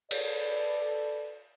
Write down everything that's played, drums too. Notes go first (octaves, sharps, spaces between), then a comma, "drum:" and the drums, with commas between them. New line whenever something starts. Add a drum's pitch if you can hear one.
A4 B4 D5, drum: cymbal